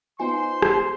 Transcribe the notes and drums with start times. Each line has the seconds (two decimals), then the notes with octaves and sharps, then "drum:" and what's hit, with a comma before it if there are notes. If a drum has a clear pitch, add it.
0.20 B3 D#4 F4 C5 G#5 C6
0.62 drum: rim click